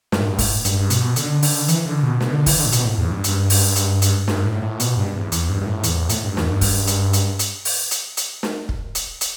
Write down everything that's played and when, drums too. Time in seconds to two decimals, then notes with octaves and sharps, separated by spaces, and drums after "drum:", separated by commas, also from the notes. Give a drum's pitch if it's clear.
0.12 G2, drum: snare
0.21 A2
0.26 G2
0.38 A2, drum: kick, open hi-hat
0.65 G2, drum: hi-hat
0.90 B2, drum: hi-hat
1.16 D3, drum: hi-hat
1.42 D3, drum: open hi-hat
1.68 E3, drum: hi-hat
1.86 D3
2.03 B2
2.21 B2, drum: snare
2.33 D3
2.46 E3, drum: kick, open hi-hat
2.59 D3
2.66 A2
2.72 B2, drum: hi-hat
2.85 A2
2.98 E2
3.11 G2
3.24 drum: hi-hat
3.50 drum: open hi-hat
3.76 drum: hi-hat
4.02 drum: hi-hat
4.28 G2, drum: snare
4.45 A2
4.62 A2
4.80 B2, drum: hi-hat
4.97 G2
5.14 E2
5.32 E2, drum: hi-hat
5.49 G2
5.61 G2
5.66 A2
5.83 E2, drum: hi-hat
6.09 A2, drum: hi-hat
6.23 G2
6.37 E2, drum: snare
6.50 G2
6.61 drum: kick, open hi-hat
6.87 drum: hi-hat
7.13 drum: hi-hat
7.39 drum: hi-hat
7.65 drum: open hi-hat
7.91 drum: hi-hat
8.17 drum: hi-hat
8.43 drum: snare
8.69 drum: kick
8.95 drum: hi-hat
9.21 drum: hi-hat